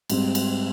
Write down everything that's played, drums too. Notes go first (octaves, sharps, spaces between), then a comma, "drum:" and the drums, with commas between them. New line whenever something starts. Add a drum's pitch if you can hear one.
G#2 G3 C4, drum: cymbal
drum: cymbal